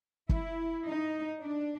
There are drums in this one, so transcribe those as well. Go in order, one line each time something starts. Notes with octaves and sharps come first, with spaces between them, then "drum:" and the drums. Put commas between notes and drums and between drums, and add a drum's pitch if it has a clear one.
E4, drum: kick
D#4
D4